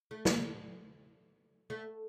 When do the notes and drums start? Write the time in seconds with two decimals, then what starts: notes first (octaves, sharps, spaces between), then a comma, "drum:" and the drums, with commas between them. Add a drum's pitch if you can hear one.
0.11 A3
0.25 A#3, drum: snare
1.70 A3